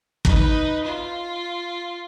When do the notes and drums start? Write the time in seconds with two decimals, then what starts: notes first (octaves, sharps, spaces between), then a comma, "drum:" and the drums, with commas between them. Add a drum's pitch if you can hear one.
0.25 D#4 B4, drum: kick
0.85 F4